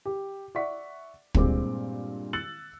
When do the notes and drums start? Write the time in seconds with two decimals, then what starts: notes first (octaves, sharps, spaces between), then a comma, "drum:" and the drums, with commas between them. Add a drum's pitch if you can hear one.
0.05 G4
0.55 D5 E5 F#5 C#6 B6
1.35 G2 A#2 G#3 C4 D6, drum: kick
2.33 E6 F#6 A6 C#7 F#7